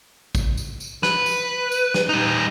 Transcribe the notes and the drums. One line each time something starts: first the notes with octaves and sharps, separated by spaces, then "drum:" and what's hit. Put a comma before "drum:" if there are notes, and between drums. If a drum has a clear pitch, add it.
drum: kick, tambourine
drum: tambourine
drum: tambourine
B4, drum: snare
drum: tambourine
drum: tambourine
drum: snare
G3 D#4